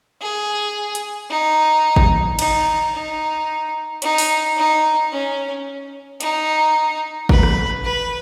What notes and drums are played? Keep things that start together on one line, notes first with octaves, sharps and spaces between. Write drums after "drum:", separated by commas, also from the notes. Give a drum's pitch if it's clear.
G#4
drum: hi-hat
D#4
drum: kick G#1
D#4, drum: cymbal
D#4
D#4, drum: hi-hat
drum: open hi-hat
D#4
C#4
D#4, drum: hi-hat
B4, drum: kick G#1
drum: rim click
B4